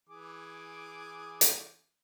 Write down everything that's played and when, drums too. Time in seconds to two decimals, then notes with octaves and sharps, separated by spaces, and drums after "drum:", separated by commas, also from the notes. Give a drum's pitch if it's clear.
0.09 E3 G#4 D6
1.41 drum: hi-hat